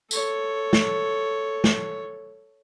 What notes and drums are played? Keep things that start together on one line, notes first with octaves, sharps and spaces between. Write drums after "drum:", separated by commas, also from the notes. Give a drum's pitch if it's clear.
A4 C#5, drum: tambourine
drum: snare
drum: snare